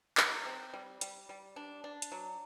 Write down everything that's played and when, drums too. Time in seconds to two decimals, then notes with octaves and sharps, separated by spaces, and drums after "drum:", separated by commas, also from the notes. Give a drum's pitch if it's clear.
0.17 F#3, drum: clap
0.46 C4
0.73 G3
1.01 G3, drum: hi-hat
1.29 G3
1.56 D4
1.84 D4
2.02 drum: hi-hat
2.12 F#3